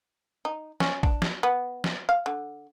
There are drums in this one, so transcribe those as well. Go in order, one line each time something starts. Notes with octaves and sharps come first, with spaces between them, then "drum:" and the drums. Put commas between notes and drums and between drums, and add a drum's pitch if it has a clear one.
D#4
C#4, drum: snare
D4, drum: kick A1
drum: snare
B3
drum: snare
F5
D3